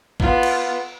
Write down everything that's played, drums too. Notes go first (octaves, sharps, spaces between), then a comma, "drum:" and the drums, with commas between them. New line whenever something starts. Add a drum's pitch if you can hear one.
B3 F4, drum: kick A1
drum: cymbal